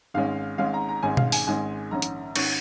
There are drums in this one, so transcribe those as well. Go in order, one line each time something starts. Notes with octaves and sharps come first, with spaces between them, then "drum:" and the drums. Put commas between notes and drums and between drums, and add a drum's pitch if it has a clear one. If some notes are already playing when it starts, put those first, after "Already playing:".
G#1 G#2 G#3 C#4 F5
G#1 G#2 G#3 C#4 F5
A#5
A#5
G#1 G#2 G#3 C#4 G#5
F5, drum: tom B2
G#5, drum: open hi-hat
G#1 G#2 G#3 C#4 G#5
A#1 G#2 D#3 C#4 A#5
drum: hi-hat
G#2 D#3 C#4 C#6, drum: cymbal